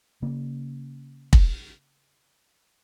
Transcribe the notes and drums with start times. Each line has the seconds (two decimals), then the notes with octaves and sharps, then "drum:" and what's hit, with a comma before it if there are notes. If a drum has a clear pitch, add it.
0.22 C#3 A#3
1.33 drum: kick